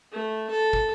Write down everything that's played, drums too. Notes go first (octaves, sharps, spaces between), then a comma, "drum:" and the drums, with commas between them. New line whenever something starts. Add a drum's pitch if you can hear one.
A3
A4
drum: kick